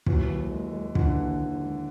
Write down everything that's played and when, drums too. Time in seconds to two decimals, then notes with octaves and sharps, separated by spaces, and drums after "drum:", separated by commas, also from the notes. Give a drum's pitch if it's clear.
0.06 D#2 E3 F#3, drum: kick
0.29 D#2
0.51 G#3
0.73 G#3
0.95 D#2 D3 E3, drum: kick
1.18 D#2
1.40 D#2
1.62 G#3